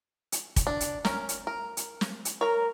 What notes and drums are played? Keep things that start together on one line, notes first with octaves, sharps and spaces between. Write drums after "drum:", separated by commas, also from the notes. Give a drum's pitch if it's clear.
drum: hi-hat
drum: kick, hi-hat
D4
drum: hi-hat
C#4 A#4, drum: snare
drum: hi-hat
A#4
drum: hi-hat
drum: snare
drum: hi-hat
A#4 C#5 A#5